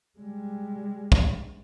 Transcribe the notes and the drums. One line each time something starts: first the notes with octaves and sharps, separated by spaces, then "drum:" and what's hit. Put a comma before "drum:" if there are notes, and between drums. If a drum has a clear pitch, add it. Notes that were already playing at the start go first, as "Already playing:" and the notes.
G3 G#3
drum: kick